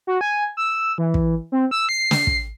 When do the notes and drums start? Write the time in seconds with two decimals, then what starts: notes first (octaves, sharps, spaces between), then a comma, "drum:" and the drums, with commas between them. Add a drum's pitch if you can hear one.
0.07 F#4
0.21 G#5
0.57 E6
0.98 E3
1.14 drum: kick
1.52 C4
1.71 E6
1.89 C7
2.11 drum: snare
2.27 drum: kick